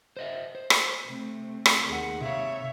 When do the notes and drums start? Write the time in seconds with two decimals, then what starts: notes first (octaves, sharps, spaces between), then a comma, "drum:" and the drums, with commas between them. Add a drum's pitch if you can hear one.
0.17 C5 D#5 E5
0.55 C5
0.70 drum: rim click
1.06 C3 A3
1.66 drum: rim click
1.89 D#2 G#4 F#5
2.21 C3 C#5 E5 F5